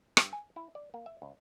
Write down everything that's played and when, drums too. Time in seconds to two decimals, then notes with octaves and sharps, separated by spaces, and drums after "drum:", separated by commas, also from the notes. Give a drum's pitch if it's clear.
0.17 G2, drum: rim click
0.33 G#5
0.56 E4
0.75 D5
0.94 A#3
1.06 E5
1.22 C#2